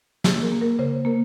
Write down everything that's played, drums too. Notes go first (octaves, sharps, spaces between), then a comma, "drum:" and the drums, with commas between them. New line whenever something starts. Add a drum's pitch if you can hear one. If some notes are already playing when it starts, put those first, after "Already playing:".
A#3 G#4, drum: snare
A#4
A#3
A#4
C#3 C5
A#3 A#4